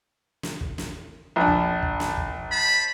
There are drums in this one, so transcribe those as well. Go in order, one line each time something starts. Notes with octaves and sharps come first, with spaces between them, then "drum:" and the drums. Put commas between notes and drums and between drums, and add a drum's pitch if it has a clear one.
drum: snare
drum: kick
drum: snare
A#1 D4
drum: kick
drum: kick
drum: snare
drum: kick
C5 A5 B5